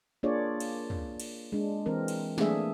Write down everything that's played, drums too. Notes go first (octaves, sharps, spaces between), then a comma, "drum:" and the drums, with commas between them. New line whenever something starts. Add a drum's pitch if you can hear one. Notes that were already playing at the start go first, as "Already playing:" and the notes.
A#3 D4 F4 G#4 C#5 D5
drum: cymbal
drum: tom
drum: cymbal
G#3 D4
E3 C4 A#4
drum: cymbal
E3 A3 A#3 D4 G#4 E5, drum: snare